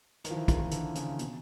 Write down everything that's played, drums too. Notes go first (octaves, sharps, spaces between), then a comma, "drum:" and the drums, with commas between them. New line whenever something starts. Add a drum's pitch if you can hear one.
D#3, drum: hi-hat
F3
E3
D#3, drum: kick, hi-hat
D#3
D3, drum: hi-hat
C#3, drum: hi-hat
B2, drum: hi-hat